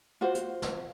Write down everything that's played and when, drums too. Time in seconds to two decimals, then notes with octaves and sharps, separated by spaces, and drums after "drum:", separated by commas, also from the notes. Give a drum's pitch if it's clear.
0.21 F4 F#4 C5
0.35 drum: hi-hat
0.62 drum: snare